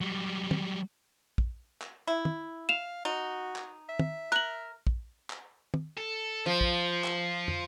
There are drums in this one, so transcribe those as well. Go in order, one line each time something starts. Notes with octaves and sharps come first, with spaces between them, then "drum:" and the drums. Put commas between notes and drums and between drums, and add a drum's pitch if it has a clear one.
F#3 G3
drum: tom
drum: kick
drum: clap
E4
drum: tom
F5 E7 F7
D#4 F#4
drum: clap
E5
drum: tom
A#4 F#6 F#7
drum: kick
drum: clap
drum: tom
A4
F3 F4 C5
drum: kick
drum: clap
drum: tom